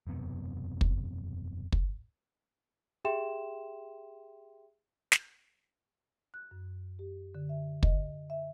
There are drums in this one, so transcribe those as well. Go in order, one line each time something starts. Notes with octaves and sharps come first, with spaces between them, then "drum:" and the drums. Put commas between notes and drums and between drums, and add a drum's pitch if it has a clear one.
E1 F#2 C3 B3
drum: kick
drum: kick
G4 G#4 E5 G5 C6 E7
drum: snare
F#6
F#2
G4
D3
E5
D#5, drum: kick
E5